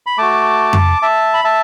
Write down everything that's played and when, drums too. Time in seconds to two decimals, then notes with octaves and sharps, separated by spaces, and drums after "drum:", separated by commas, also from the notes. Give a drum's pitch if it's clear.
0.06 B5
0.18 A3 F#4 A5 D6
0.73 drum: tom F2
1.02 E5 A5
1.34 B5
1.44 E5 A5